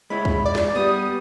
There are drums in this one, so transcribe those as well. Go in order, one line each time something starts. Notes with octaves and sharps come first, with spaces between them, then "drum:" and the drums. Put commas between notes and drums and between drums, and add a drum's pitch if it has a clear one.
G#3 E4 C#5 B5
drum: kick
D5
drum: snare
G3 B3 D#6